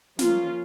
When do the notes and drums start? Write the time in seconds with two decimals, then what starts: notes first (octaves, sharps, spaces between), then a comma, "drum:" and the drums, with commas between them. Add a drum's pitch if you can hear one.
0.19 F3 A#3 C#4 F4, drum: snare